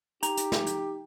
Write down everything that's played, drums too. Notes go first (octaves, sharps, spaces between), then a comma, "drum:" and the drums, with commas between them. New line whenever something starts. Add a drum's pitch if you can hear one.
D#4 G4 A#5, drum: hi-hat
drum: hi-hat
drum: snare
drum: hi-hat